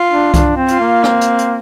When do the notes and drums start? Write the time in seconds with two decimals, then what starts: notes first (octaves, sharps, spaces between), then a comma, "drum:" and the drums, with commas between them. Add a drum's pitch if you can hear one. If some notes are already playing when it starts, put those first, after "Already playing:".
Already playing: F4
0.10 D4
0.34 D4, drum: kick C2, hi-hat
0.57 C4
0.68 F4, drum: hi-hat
0.80 A#3
1.04 C4, drum: rim click
1.21 drum: hi-hat
1.38 drum: hi-hat